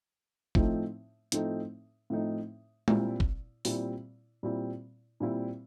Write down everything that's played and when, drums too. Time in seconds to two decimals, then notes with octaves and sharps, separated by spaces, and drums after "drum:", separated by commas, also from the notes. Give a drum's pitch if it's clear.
0.55 A2 F3 A3 C4 D#4, drum: kick
1.32 A2 F3 A3 C4 D#4, drum: hi-hat
2.10 A2 F3 A3 C4 D#4
2.88 A#2 G3 C4 E4, drum: tom G#3
3.20 drum: kick
3.65 A#2 G3 C4 E4, drum: open hi-hat
4.43 A#2 G3 C4 E4
5.20 A#2 G3 C4 E4